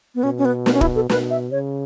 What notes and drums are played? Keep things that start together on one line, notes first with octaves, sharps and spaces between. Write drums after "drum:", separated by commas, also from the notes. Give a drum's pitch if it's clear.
B3
B2 C#4
C#4
B3
B3, drum: snare
C#4
E4, drum: kick
A4
B2 B4, drum: snare
E5
C#3 C#5